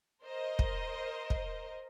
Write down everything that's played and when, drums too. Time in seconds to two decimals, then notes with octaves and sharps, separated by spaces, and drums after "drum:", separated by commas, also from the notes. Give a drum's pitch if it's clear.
0.23 A#4 C5 D#5
0.59 drum: kick
1.30 drum: kick